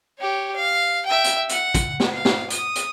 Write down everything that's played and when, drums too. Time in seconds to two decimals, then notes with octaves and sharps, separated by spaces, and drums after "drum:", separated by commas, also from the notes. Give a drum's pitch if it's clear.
0.19 G4 C#5
0.56 F5
1.06 E5 G5
1.24 drum: hi-hat
1.49 F#5, drum: hi-hat
1.75 drum: kick, hi-hat
2.00 drum: snare
2.13 F5
2.25 drum: snare
2.50 D#6, drum: hi-hat
2.75 drum: hi-hat